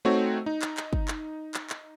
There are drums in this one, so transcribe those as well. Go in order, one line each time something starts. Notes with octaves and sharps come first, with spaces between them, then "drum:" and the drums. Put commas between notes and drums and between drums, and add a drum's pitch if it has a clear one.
A3 C4 D#4 F#4 C#5
D#4
drum: clap
drum: clap
drum: kick
drum: clap
drum: clap
drum: clap